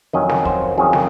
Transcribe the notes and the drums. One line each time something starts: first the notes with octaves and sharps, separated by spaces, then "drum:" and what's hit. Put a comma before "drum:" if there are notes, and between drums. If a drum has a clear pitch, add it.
F2 D#3 F#3 C#4 D#5
drum: snare
C5, drum: kick
F2 D#3 F#3 C#4 G#4
drum: snare